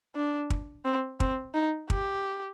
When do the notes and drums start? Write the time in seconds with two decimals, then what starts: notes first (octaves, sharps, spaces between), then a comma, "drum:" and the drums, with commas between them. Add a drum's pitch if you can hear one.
0.15 D4
0.50 drum: kick
0.85 C4
1.20 C4, drum: kick
1.55 D#4
1.90 G4, drum: kick